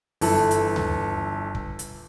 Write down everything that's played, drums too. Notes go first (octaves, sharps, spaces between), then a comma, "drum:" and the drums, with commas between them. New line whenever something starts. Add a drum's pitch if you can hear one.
G1 E3 A4, drum: open hi-hat
drum: hi-hat
drum: tom D2
drum: kick
drum: hi-hat